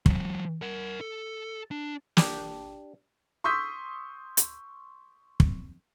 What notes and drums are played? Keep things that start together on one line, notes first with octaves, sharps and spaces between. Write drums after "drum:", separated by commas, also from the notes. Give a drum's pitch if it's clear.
E3 F#3, drum: kick
A#4 F#5
A4
D4
D4 G4, drum: snare
C6 C#6 D#6 E6 G6 B6
drum: hi-hat
drum: kick